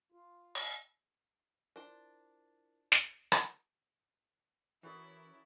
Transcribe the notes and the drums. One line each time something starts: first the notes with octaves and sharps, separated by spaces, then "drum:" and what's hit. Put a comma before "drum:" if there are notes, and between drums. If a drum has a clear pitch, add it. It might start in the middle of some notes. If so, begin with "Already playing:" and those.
F4
drum: open hi-hat
D4 E4 F4 A#4 C5
drum: snare
drum: rim click
E3 C#4 E4 F#4 A4 A#4 D5 D#6